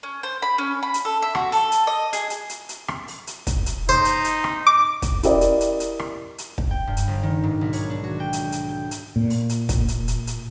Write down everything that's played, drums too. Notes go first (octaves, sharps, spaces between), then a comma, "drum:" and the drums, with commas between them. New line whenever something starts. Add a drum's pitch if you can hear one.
C#4
C5
B5
C#4
B5
drum: hi-hat
A4
E5
F#4, drum: rim click
A4, drum: open hi-hat
drum: hi-hat
D#5
G#4, drum: hi-hat
drum: hi-hat
drum: hi-hat
drum: hi-hat
drum: rim click
drum: open hi-hat
drum: hi-hat
drum: kick, hi-hat
drum: hi-hat
D#4 C5
drum: hi-hat
drum: hi-hat
drum: rim click
D6
drum: kick, hi-hat
E4 G4 A#4 D5 D#5, drum: hi-hat
drum: hi-hat
drum: hi-hat
drum: hi-hat
drum: rim click
drum: hi-hat
drum: kick
G5
G2
drum: hi-hat
G1
D#3
G#2
B1
C#5, drum: open hi-hat
D4
F#4
G5
drum: hi-hat
drum: hi-hat
G6
drum: hi-hat
A#2
drum: open hi-hat
drum: hi-hat
drum: kick, hi-hat
drum: hi-hat
drum: hi-hat
drum: hi-hat